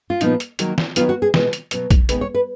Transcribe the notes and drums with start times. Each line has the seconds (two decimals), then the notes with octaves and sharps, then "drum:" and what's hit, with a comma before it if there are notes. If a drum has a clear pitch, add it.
0.10 F4
0.21 A#2 F3 B3 D#4, drum: hi-hat
0.40 drum: hi-hat
0.59 D#3 F#3 A#3, drum: hi-hat
0.78 drum: snare
0.96 D#3 F#3 B3 F4, drum: hi-hat
1.09 F#4
1.22 G#4
1.34 B2 G#3 B3, drum: snare
1.53 drum: hi-hat
1.71 B2 F#3 B3, drum: hi-hat
1.91 drum: kick A#1, hi-hat
2.09 D#3 G#3 B3 B4, drum: hi-hat
2.21 C#5
2.35 B4